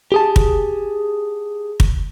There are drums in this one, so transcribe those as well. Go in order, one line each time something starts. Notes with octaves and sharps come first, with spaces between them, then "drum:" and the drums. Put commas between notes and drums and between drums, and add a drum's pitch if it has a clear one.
G4 G#4 A5
drum: kick
drum: kick